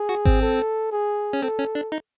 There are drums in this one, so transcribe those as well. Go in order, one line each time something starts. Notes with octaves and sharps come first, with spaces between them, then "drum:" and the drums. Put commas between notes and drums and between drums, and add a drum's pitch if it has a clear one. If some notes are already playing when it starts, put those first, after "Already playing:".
Already playing: G#4
F#4
C4, drum: kick G#1
A4
G#4
C#4
C4 A4
C#4
D4
D#4